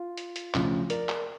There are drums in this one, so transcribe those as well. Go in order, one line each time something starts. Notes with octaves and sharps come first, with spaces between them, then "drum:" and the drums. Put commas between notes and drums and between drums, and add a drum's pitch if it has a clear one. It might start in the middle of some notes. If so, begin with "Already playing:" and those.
Already playing: F4
drum: hi-hat
drum: hi-hat
D2 C#3 F3, drum: clap
A#4 D5, drum: hi-hat
drum: clap